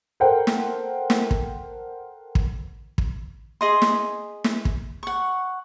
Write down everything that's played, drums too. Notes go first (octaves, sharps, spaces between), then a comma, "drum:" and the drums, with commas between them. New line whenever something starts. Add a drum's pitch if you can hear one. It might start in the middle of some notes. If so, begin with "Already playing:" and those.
A4 A#4 C5 F#5 G5
drum: snare
drum: snare
drum: kick
drum: kick
drum: kick
G#4 D#5 C6
drum: snare
drum: snare
drum: kick
F#5 C#6